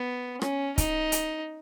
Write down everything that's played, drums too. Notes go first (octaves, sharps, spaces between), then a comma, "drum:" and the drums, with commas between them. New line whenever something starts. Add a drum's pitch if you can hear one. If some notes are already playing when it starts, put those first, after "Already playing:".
Already playing: B3
C#4, drum: rim click
D#4, drum: kick C#1, hi-hat
drum: hi-hat